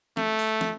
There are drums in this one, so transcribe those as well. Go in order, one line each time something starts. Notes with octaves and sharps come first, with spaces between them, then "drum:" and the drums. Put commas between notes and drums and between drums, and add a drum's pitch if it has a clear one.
A3, drum: snare
drum: open hi-hat
drum: snare